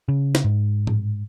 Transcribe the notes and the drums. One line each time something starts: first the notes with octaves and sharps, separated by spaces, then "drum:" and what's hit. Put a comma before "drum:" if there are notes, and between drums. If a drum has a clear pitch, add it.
C#3
drum: snare
G#2
drum: tom A2